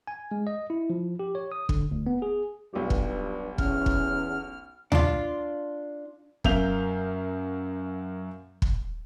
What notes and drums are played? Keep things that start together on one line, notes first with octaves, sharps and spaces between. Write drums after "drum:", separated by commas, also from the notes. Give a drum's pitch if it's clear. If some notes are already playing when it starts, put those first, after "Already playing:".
G#5
G#3
D#5
E4
F3
G4
C#5
D#6
D3, drum: kick
D2
B3
G#4
B1 G2 F4 G4
drum: kick
E2 C#4 F6, drum: kick
drum: kick
D4 F4, drum: tom D2
F#2 A#3 E5 F5 G6 F7, drum: kick
drum: kick